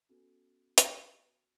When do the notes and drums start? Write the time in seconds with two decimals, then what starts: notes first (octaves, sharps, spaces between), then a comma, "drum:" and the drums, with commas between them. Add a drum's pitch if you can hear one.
0.09 B3 C#4 F#4 A4
0.78 drum: hi-hat